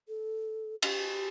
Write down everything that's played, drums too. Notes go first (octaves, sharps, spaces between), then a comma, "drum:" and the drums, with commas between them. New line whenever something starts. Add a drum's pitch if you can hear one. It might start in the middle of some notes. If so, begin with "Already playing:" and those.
A4
G4, drum: cymbal